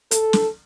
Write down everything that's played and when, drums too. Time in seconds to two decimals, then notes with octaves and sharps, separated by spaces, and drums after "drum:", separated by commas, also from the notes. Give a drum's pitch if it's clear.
0.11 A4, drum: hi-hat
0.33 drum: snare